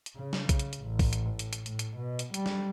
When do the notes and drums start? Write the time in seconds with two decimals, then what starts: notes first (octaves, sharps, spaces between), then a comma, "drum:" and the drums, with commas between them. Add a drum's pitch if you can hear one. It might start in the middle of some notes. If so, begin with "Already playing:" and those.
0.06 drum: hi-hat
0.16 C#3
0.33 drum: snare
0.49 C#3, drum: kick B1, hi-hat
0.59 drum: hi-hat
0.73 drum: hi-hat
0.83 A1
0.99 drum: kick B1, open hi-hat
1.13 drum: hi-hat
1.30 A2
1.39 drum: hi-hat
1.53 drum: hi-hat
1.66 A2, drum: hi-hat
1.79 drum: hi-hat
1.98 B2
2.19 drum: hi-hat
2.34 G3, drum: hi-hat
2.46 drum: snare